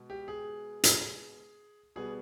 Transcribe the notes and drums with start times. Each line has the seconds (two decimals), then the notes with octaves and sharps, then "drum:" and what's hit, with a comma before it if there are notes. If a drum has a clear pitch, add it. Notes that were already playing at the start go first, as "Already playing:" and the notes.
Already playing: B2 G#3 B3
0.10 G4
0.28 G#4
0.84 drum: hi-hat
1.96 B2 G3 B3 G#4